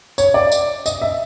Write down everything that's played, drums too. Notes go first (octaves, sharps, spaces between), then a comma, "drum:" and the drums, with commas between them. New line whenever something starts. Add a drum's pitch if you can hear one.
C#5, drum: tambourine
D5
drum: tambourine
D#5, drum: tambourine
E5